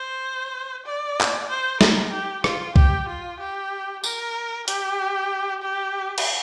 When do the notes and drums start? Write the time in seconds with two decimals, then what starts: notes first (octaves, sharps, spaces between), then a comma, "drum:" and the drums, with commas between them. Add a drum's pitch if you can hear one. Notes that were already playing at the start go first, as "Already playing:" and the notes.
Already playing: C5
0.86 D5
1.21 drum: clap
1.50 C5
1.81 A#4, drum: snare
2.12 G4
2.44 F4, drum: rim click
2.76 G4, drum: kick C2
3.09 F4
3.40 G4
4.04 A#4, drum: tambourine
4.68 G4, drum: hi-hat
5.62 G4
6.18 drum: cymbal